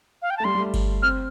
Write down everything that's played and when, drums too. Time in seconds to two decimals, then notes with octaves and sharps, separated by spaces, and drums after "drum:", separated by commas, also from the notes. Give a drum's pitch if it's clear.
0.22 F5
0.30 G5
0.37 A5
0.40 A3
0.44 G3 C6
0.55 G3
0.60 A3
0.74 drum: kick G1, cymbal
1.03 C4 F6